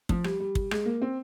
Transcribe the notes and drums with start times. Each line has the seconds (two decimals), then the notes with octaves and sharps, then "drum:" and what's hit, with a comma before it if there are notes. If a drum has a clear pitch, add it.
0.09 F3, drum: kick
0.24 G3, drum: rim click
0.40 G3
0.55 drum: kick
0.71 G#3, drum: rim click
0.85 A#3
1.02 C4